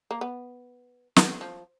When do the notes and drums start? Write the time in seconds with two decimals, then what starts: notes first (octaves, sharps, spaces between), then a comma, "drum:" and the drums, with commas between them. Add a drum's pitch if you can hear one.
0.11 A#3
0.21 B3
1.16 B3, drum: snare
1.41 F3